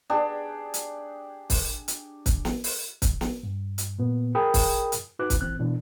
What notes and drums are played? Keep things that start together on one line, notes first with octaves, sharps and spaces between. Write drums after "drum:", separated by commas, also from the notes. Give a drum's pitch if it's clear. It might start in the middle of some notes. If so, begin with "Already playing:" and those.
D4 G4 G#4
drum: hi-hat
drum: kick, open hi-hat
drum: hi-hat
drum: kick, hi-hat
drum: snare
drum: open hi-hat
drum: kick, hi-hat
drum: snare
G2
drum: hi-hat
A#2 B3
G#4 A#4 G5 B5 D#6
drum: kick, open hi-hat
drum: hi-hat
D#4 F#4 B4 D6 F#6
drum: kick, hi-hat
C2 E3 C4 F#6
B2 E3 D4